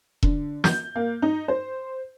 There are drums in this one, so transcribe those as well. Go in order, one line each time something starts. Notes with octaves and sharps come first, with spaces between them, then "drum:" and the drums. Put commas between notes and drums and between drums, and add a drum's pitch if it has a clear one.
D3, drum: kick E1
G6, drum: snare
A#3
D#4
C5